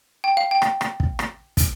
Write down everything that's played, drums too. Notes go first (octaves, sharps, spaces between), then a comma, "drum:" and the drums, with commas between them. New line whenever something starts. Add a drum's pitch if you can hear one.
G5
F5
G5
drum: rim click
drum: rim click
drum: kick
drum: rim click
drum: kick, hi-hat